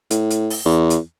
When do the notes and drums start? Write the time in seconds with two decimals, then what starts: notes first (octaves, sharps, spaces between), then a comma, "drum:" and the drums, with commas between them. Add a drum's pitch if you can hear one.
0.10 A2, drum: hi-hat
0.30 drum: hi-hat
0.50 drum: open hi-hat
0.65 E2
0.90 drum: hi-hat